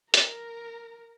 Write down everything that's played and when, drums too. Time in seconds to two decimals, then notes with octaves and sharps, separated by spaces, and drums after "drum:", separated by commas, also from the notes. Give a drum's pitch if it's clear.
0.14 A#4, drum: hi-hat